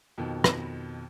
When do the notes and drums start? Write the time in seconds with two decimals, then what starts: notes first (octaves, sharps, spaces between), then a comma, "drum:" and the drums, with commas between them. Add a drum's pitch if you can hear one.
0.18 F2 B2 D#3
0.44 drum: rim click